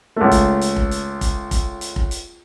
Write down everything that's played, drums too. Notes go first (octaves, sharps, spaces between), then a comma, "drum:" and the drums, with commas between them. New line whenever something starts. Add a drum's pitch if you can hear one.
C#2 A3
drum: kick F1, hi-hat
drum: hi-hat
drum: kick F1
drum: hi-hat
drum: kick F1, hi-hat
drum: kick F1, hi-hat
drum: hi-hat
drum: kick F1
drum: hi-hat